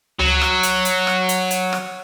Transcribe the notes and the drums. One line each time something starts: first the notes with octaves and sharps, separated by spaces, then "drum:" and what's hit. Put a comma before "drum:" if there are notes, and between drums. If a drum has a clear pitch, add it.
F#3, drum: tom C#2
drum: rim click
drum: hi-hat
drum: hi-hat
drum: rim click
drum: hi-hat
drum: hi-hat
drum: rim click